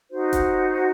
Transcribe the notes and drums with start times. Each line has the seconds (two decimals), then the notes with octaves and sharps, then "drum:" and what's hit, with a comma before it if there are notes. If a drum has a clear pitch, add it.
0.08 D#4 F#4 C5
0.33 drum: kick F1, hi-hat